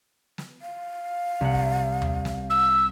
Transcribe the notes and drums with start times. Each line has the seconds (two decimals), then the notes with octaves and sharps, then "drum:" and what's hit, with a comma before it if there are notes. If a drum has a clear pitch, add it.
0.38 drum: snare
0.61 F5
1.41 C2 F#5
1.55 drum: kick
2.02 drum: tom D#2
2.25 drum: snare
2.50 E6